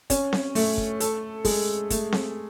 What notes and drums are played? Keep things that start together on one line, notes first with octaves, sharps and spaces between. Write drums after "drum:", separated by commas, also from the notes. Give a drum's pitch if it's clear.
C#4, drum: kick, hi-hat
drum: snare C4
A3, drum: open hi-hat
drum: kick
A4, drum: hi-hat
G#3, drum: kick, open hi-hat
A3, drum: kick, hi-hat
drum: snare C4